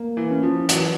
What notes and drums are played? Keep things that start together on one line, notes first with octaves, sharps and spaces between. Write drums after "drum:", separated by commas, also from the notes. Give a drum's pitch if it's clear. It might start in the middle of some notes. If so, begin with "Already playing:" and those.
Already playing: A#3
E3
C#4
F3
E3 F#3, drum: hi-hat